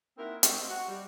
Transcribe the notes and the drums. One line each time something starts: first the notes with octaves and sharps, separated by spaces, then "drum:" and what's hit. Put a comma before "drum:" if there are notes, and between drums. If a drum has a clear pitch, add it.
A#3 C4 D#4 E4 F#4 A#4
C4 F#4 D#5, drum: hi-hat
F#4
G3